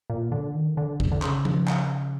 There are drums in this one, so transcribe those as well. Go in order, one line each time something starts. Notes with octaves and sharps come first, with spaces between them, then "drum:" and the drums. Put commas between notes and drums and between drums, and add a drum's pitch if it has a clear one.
A#2
D3
D#3
D3
drum: kick A1
D3
C#3, drum: clap
drum: tom F3
drum: clap